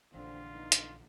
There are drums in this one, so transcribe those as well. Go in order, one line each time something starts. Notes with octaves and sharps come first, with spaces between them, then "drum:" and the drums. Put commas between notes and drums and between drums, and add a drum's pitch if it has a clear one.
A#1 D3 E3 C4 D4 F4
A3 B3 D#4
drum: hi-hat